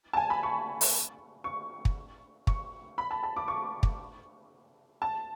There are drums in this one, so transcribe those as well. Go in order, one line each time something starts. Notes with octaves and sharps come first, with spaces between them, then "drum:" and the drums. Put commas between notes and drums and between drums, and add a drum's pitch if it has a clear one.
A5
G#5
B5
C#6
drum: open hi-hat
C#6
drum: kick
C#6, drum: kick
B5
A5
A5
D6
C#6
drum: kick
A5